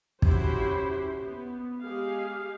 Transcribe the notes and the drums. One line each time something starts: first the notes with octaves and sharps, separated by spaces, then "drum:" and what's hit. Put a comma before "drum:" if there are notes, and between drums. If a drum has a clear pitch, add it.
C#4 E4 F#4 G4 C5, drum: kick
B3
G#3 G4 G#4 F5